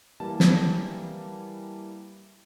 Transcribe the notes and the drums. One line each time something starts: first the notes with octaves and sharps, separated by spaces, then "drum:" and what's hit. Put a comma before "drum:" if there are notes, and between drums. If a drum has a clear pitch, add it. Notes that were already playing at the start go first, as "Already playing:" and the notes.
E3 G3 A#3 A5
drum: snare